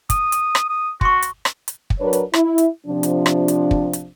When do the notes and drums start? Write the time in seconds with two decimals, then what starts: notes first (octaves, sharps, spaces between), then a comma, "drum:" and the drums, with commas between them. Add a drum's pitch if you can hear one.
0.10 D#6, drum: kick, hi-hat
0.32 drum: hi-hat
0.55 drum: rim click
0.69 D#6
1.01 F#4 C6 C#6, drum: kick
1.22 drum: hi-hat
1.45 drum: rim click
1.68 drum: hi-hat
1.90 drum: kick
2.00 F#3 D4 A#4 B4 C#5
2.13 drum: hi-hat
2.34 E4, drum: rim click
2.58 drum: hi-hat
2.86 C3 F3 D4
3.03 drum: hi-hat
3.26 drum: rim click
3.48 drum: hi-hat
3.71 drum: kick
3.93 drum: hi-hat